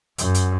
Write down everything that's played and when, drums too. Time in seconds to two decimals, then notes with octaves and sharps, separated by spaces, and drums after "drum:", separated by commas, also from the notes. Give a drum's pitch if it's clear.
0.18 F#2, drum: hi-hat
0.34 drum: hi-hat